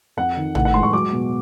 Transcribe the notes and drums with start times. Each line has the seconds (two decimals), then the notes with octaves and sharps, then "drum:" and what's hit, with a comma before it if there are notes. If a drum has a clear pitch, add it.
0.17 F2 F#5
0.37 D#3
0.55 A2 F#5, drum: tom
0.65 F#5
0.74 G#3 C6
0.83 C#6
0.93 F#3 D6
1.12 B2